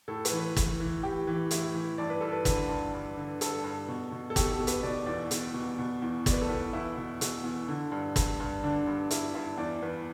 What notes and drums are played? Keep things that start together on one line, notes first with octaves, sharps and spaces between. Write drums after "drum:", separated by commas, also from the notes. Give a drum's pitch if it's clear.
A2 A4
B4, drum: hi-hat
E3
B4
E3, drum: kick, hi-hat
E3
E3 G4
E3
A2 E4, drum: hi-hat
E3
G2 D5
B4
G2 A4
B4
D3 B4, drum: kick, hi-hat
G2
G2
D3
G2 A4, drum: hi-hat
G2
B2
B2
A4
B2 G4, drum: kick, hi-hat
A4
B2
B4, drum: hi-hat
B2 D5
E2 D5
B2, drum: hi-hat
B2
B2
E2
B2 D5, drum: kick, hi-hat
B4
A4
E2 B4
E2 E4
B2
B2, drum: hi-hat
E2
D3
G2
G2, drum: kick, hi-hat
G2
D3 D4
G2
G2 E4, drum: hi-hat
G2 E4
E2 D5
E2 B4